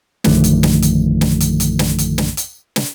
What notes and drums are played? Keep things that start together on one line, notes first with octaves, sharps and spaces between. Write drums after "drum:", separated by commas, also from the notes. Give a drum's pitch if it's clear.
A#1 F#2 D3 D#3 F3 A3, drum: snare
drum: hi-hat
drum: snare
drum: hi-hat
drum: snare
drum: hi-hat
drum: hi-hat
drum: snare
drum: hi-hat
drum: snare
drum: hi-hat
drum: snare